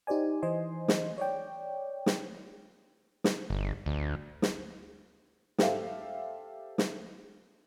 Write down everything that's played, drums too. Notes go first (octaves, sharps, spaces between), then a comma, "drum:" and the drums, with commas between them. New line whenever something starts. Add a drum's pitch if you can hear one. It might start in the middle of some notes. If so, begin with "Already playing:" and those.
D#4 G4 C5 D5 G#5
E3 C5 D#5 G#5 C6
drum: snare
C#5 D5 G5
drum: snare
drum: snare
G1
D2
drum: snare
G4 A4 C5 E5 F5, drum: snare
drum: snare